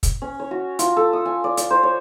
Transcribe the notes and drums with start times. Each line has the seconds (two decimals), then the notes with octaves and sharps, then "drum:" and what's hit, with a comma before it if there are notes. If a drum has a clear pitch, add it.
0.03 drum: kick, hi-hat
0.22 C#4
0.40 C#5
0.51 F#4
0.79 F4, drum: hi-hat
0.97 A4
1.13 D#6
1.25 G#5
1.44 D5
1.57 D5, drum: hi-hat
1.71 C5
1.83 C#5